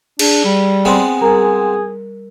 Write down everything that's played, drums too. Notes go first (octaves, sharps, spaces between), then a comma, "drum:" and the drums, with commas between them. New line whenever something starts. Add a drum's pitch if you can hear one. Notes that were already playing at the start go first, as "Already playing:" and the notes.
D4 G#4, drum: cymbal
G3
G#3 B3 C4
G3 G#4 A#4 A#5